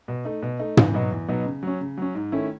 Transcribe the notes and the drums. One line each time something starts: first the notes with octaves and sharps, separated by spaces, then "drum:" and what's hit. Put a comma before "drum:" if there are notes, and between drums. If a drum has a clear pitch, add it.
B2
A3 D#4
B2
A3 D#4
E2, drum: tom
B2 F#3 B3 D#4
E2
B2 F#3 B3 D#4
C#3
F#3 C#4
C#3
F#3 C#4
G#2
D#3 A3 C#4 E4